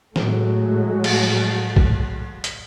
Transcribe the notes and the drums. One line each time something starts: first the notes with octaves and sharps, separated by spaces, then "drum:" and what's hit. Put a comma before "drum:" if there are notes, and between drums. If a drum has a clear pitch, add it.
A2 F#3 G#3 A3, drum: snare
drum: cymbal
drum: kick
drum: hi-hat